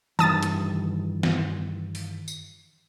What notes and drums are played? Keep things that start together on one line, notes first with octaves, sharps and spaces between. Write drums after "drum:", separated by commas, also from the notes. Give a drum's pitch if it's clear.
G2 D#3 E3 A5 D#6 A6, drum: tom D#3
drum: hi-hat
drum: snare
drum: open hi-hat
drum: tambourine